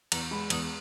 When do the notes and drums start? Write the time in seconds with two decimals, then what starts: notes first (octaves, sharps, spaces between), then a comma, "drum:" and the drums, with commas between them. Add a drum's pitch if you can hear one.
0.12 E2 A#5, drum: cymbal
0.31 G#3 B5
0.50 E2 D#6, drum: cymbal